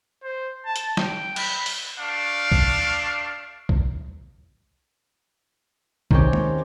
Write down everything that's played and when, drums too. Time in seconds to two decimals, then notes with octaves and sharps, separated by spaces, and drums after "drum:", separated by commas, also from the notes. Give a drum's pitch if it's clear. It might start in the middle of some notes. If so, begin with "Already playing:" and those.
0.23 C5
0.65 A5
0.76 drum: hi-hat
0.97 G5, drum: snare
1.36 B5, drum: cymbal
1.66 drum: open hi-hat
1.99 A3 D4 F5
2.52 drum: kick B1
3.69 drum: kick B1
6.11 D#3 C4 C#4 G4, drum: kick B1
6.33 drum: tom